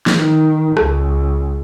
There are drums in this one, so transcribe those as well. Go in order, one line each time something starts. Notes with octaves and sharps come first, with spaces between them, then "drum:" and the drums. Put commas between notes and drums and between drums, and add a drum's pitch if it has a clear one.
drum: snare
D#3
C#2, drum: rim click